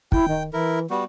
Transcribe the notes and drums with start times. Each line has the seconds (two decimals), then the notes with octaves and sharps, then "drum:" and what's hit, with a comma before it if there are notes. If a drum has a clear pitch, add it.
0.12 E4 G5, drum: kick
0.28 D#3
0.53 E3 E4 A#4
0.90 G3 B3 F#4